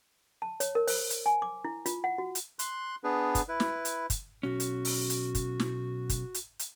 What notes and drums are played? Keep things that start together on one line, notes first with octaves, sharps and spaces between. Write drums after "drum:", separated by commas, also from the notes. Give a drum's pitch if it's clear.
A5
C#5, drum: hi-hat
A#4
C5, drum: open hi-hat
drum: hi-hat
G#5
D6
E4
F4, drum: hi-hat
F#5
F#4
drum: hi-hat
C6 F#6, drum: hi-hat
B3 D4 G#4 B4
drum: kick, hi-hat
E4 B4
drum: snare
drum: hi-hat
drum: kick, hi-hat
B1 C#4 F#4
drum: hi-hat
drum: open hi-hat
drum: hi-hat
drum: kick, hi-hat
drum: snare
drum: kick, hi-hat
drum: hi-hat
drum: hi-hat